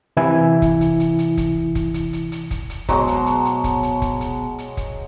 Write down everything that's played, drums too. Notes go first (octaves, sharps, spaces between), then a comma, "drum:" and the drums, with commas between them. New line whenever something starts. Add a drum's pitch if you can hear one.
C3 E3 E4 G#5
drum: kick F1, hi-hat
drum: hi-hat
drum: hi-hat
drum: hi-hat
drum: kick F1, hi-hat
drum: kick F1, hi-hat
drum: hi-hat
drum: hi-hat
drum: hi-hat
drum: kick F1, hi-hat
drum: hi-hat
B2 F#3 G#3 C5, drum: kick F1, hi-hat
drum: hi-hat
drum: hi-hat
drum: hi-hat
drum: kick F1, hi-hat
drum: hi-hat
drum: kick F1, hi-hat
drum: hi-hat
drum: hi-hat
drum: kick F1, hi-hat